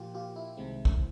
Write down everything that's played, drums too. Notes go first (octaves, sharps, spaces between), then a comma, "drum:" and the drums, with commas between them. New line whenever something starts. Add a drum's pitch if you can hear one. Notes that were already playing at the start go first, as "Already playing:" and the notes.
Already playing: A#2 F3 A#3 F4 G4
F4 G4
E4
C2 C3 D#3 G#3 C4
drum: kick